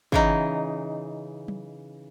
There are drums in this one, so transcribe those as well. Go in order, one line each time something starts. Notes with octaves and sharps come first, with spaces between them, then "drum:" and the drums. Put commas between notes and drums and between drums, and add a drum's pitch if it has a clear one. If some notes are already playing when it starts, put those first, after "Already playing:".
C#3 E3 D#4, drum: kick
drum: tom F#3